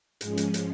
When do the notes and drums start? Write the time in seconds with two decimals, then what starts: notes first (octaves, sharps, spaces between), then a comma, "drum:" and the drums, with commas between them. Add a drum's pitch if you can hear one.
0.21 G#2 F3 G#3 C#4 G#4, drum: hi-hat
0.37 drum: hi-hat
0.54 drum: hi-hat